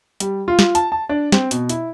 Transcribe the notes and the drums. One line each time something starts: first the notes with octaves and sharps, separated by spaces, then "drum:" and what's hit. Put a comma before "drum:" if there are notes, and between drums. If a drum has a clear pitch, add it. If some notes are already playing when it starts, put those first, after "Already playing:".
G3, drum: hi-hat
F4
drum: snare
A5, drum: hi-hat
A5
D4
C4, drum: snare
B2, drum: hi-hat
E4, drum: hi-hat